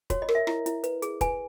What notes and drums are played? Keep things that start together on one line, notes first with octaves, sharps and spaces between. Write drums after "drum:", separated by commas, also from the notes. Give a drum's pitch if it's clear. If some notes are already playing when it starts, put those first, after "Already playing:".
F#4 C#5, drum: kick, hi-hat
D#5
A#4, drum: rim click
E5
E4, drum: rim click
E4, drum: hi-hat
B4, drum: hi-hat
G#4, drum: hi-hat
B4 G#5, drum: kick, hi-hat